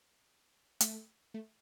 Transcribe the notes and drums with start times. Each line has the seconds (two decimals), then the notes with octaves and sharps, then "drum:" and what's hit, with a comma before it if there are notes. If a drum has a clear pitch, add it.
0.81 A3, drum: hi-hat
1.34 A3